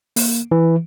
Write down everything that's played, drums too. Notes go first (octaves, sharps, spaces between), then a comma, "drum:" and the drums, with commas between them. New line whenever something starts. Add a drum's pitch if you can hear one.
A#3, drum: open hi-hat
E3